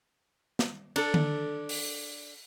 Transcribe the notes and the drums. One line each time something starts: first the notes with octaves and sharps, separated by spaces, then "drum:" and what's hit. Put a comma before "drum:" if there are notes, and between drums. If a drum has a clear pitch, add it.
drum: snare
D4 A4, drum: cymbal
drum: tom D3
drum: open hi-hat